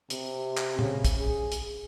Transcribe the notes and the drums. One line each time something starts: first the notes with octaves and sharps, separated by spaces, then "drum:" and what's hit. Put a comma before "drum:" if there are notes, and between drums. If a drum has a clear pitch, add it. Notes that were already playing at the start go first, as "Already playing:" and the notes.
C3, drum: hi-hat
drum: clap
C#3, drum: tom
drum: kick, hi-hat
G#4
drum: hi-hat